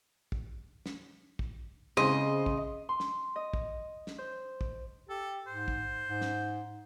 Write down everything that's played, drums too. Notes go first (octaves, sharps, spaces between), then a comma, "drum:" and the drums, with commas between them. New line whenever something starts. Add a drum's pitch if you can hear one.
drum: kick
drum: snare
drum: kick
C#3 G#3 C4 E4 D#5 C6
drum: kick
C6
drum: snare
D#5
drum: kick
drum: snare
C5
drum: kick
G4 A4
G#2 C5
drum: kick
G#2
drum: snare